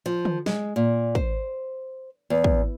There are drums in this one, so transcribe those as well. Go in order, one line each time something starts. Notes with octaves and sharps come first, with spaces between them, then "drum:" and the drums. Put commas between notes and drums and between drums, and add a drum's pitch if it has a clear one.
F3
drum: tom
G#3, drum: snare
A#2
C5, drum: kick
E2
drum: kick